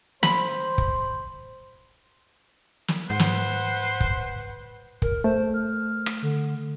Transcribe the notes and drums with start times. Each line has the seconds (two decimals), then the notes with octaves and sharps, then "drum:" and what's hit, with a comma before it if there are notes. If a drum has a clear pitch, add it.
0.23 C5 B5, drum: snare
0.78 drum: kick
2.88 drum: snare
3.10 G#2 B4 C5 F#5
3.19 drum: snare
4.00 drum: kick
5.02 A#4, drum: kick
5.24 A3 C5
5.54 F6
6.06 drum: rim click
6.22 D3